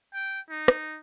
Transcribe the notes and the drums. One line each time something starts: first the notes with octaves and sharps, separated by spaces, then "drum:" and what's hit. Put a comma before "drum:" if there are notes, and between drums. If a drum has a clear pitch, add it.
G5
D#4
drum: rim click